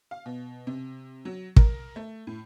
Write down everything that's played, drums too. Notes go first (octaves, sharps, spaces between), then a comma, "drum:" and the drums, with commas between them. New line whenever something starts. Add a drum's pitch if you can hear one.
F5
B2
C3
F#3
A#4, drum: kick
A3
A2